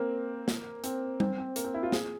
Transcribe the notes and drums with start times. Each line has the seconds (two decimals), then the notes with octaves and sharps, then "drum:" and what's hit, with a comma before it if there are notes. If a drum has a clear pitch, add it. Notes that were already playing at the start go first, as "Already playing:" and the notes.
Already playing: A#3 C4
0.48 drum: snare
0.84 C4, drum: hi-hat
1.20 C4, drum: tom G3
1.38 C4
1.56 A#3, drum: hi-hat
1.64 C4
1.74 E4
1.83 F4
1.92 G#4, drum: snare